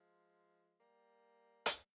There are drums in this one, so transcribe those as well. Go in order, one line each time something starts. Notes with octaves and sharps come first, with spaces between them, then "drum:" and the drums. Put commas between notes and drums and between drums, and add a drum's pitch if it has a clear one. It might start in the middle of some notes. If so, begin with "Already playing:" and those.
Already playing: F3 G#3
G3 A#3
drum: hi-hat